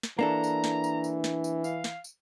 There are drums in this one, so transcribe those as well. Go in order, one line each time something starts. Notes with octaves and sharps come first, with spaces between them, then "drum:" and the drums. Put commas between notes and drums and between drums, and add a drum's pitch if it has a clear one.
drum: snare
E3 A#3 D4 A4 A#5
drum: tambourine
drum: snare
drum: tambourine
drum: tambourine
drum: snare
drum: tambourine
F5, drum: tambourine
drum: snare
drum: tambourine